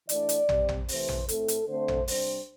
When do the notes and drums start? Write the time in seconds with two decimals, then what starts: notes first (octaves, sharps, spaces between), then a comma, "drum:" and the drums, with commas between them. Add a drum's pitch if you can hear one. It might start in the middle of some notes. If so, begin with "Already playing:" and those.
0.09 E3 A3 D4 D5, drum: hi-hat
0.29 drum: hi-hat
0.49 C3 G3 C4, drum: tom
0.69 drum: tom
0.88 C3 E3 A3 C5, drum: open hi-hat
1.08 drum: tom
1.29 A2 A3 C4 A4, drum: hi-hat
1.48 drum: hi-hat
1.68 D3 A3 C4 C5
1.88 drum: tom
2.08 C3 G3 D4 C5, drum: open hi-hat